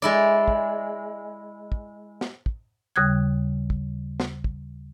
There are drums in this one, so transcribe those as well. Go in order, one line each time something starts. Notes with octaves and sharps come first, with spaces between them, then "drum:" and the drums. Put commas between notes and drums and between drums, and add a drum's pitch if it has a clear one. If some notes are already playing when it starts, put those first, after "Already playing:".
G#3 E4 D5
drum: kick
drum: kick
drum: snare
drum: kick
D#2 C#3 G3 D#6 F#6 G#6
drum: kick
drum: snare
drum: kick